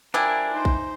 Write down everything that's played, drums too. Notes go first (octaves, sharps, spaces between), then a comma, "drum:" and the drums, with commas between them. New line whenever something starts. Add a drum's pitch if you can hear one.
F3 G3 D4 E4 A#4 G#5
D#4 C5
drum: kick A#1